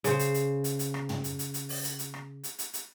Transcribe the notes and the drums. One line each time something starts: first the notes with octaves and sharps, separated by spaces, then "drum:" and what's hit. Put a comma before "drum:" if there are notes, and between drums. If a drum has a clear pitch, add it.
C#3 C5, drum: hi-hat
drum: hi-hat
drum: hi-hat
drum: hi-hat
drum: hi-hat
drum: rim click
drum: tom
drum: hi-hat
drum: hi-hat
drum: hi-hat
drum: open hi-hat
drum: hi-hat
drum: hi-hat
drum: rim click
drum: hi-hat
drum: hi-hat
drum: hi-hat